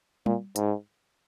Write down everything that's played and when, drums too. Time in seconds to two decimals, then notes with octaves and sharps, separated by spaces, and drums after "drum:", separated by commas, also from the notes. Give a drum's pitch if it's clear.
0.26 A#2, drum: tom G3
0.56 G#2, drum: hi-hat